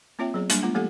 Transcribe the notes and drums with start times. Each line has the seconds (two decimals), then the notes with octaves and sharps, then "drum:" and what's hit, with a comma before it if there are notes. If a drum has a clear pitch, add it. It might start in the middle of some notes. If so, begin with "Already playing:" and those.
0.19 A#3 C4 F4 C#5 E5 G5
0.34 F#3 B3 G#4 C#5
0.50 G3 A#3 D4, drum: hi-hat
0.63 A3 B3 F4
0.75 F3 G#3 A#3 G4 A4 F#5